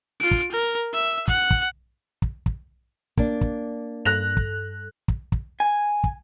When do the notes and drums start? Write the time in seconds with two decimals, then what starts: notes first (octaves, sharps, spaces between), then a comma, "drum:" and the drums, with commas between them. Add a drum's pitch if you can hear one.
0.20 F4 D7
0.31 drum: kick
0.52 A#4
0.93 E5
1.28 F#5, drum: kick
1.51 drum: kick
2.22 drum: kick
2.46 drum: kick
3.17 A#3 D4, drum: kick
3.41 drum: kick
4.05 G2 A4 F#6 A#6 F7
4.37 drum: kick
5.08 drum: kick
5.32 drum: kick
5.60 G#5
6.04 drum: kick